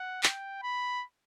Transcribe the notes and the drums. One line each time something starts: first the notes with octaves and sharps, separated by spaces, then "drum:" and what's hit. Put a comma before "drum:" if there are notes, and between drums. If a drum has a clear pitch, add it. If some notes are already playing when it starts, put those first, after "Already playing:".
Already playing: F#5
G5, drum: clap
B5